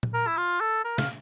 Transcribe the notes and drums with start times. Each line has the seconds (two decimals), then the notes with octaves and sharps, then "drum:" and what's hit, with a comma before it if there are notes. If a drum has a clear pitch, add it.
0.03 drum: tom A#2
0.14 A#4
0.27 E4
0.37 F4
0.61 A4
0.84 A#4
0.98 F5, drum: snare